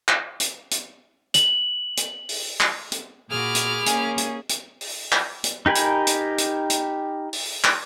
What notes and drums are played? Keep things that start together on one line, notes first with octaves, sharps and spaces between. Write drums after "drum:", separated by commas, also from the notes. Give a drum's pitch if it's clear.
drum: clap
drum: hi-hat
drum: hi-hat
F#7, drum: hi-hat
drum: hi-hat
drum: open hi-hat
drum: clap
drum: hi-hat
A#2 F#4 G#4 B5 D6 F6
drum: hi-hat
A#3 C#4 G#5, drum: hi-hat
drum: hi-hat
drum: hi-hat
drum: open hi-hat
drum: clap
drum: hi-hat
D#4 G4 A#4 G#5 B5
drum: hi-hat
drum: hi-hat
drum: hi-hat
drum: hi-hat
drum: open hi-hat
drum: clap